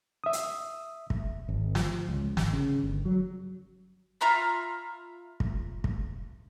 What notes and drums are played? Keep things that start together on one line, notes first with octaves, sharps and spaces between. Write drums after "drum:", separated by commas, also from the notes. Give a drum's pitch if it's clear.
E5 D#6
drum: hi-hat
drum: kick
G#1
F3, drum: snare
C#2
G#1, drum: snare
C#3
G1
F#3
F4 E5 A#5 B5
drum: kick
drum: kick